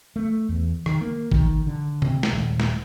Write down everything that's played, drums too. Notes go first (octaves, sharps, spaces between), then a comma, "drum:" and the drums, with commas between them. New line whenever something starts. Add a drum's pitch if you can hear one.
A3
E2
D#3, drum: rim click
A#3
D#3, drum: kick G#1
D3
C3, drum: tom C3
drum: snare
D#1
drum: snare